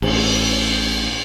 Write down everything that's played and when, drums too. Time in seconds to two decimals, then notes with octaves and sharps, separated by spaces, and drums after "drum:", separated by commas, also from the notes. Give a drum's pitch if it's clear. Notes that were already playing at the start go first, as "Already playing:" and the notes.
0.02 A1, drum: cymbal